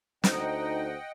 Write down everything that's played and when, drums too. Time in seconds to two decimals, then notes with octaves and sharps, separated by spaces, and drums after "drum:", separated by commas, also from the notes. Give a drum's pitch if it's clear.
0.24 D2 D#4 C5 D#5 F#5 G5, drum: snare